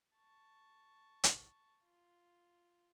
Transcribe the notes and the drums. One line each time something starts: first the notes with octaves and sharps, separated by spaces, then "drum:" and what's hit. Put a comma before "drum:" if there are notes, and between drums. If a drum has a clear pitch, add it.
A5 C#6
drum: hi-hat
F4